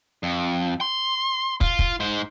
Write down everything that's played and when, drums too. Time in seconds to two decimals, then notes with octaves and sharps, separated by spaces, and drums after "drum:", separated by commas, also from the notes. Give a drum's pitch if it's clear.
0.23 F2
0.81 C6
1.61 F4, drum: kick
1.79 drum: kick
2.00 G#2 C5